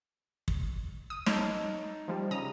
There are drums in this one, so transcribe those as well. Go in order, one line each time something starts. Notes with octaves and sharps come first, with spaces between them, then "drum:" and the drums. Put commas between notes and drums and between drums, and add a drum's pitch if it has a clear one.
drum: kick
D#6
D#4 C#5 A5 E6, drum: snare
F3 G3
C#3 A#5 D#6